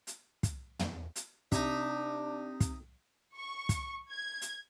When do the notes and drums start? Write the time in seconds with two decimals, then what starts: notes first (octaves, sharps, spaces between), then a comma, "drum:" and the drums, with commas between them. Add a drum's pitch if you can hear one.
0.07 drum: hi-hat
0.43 drum: kick, hi-hat
0.79 drum: tom
1.16 drum: hi-hat
1.52 C3 D4 D#4 E5, drum: kick, hi-hat
2.60 drum: kick, hi-hat
3.37 C#6
3.69 drum: kick, hi-hat
4.11 G#6
4.41 drum: hi-hat